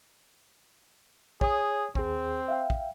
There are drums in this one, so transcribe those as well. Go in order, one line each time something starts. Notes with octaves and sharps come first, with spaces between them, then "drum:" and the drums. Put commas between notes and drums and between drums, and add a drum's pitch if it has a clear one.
G#4 C#5 D#6, drum: kick
D#2 C4 G#4, drum: kick
E5 F5 G5
drum: kick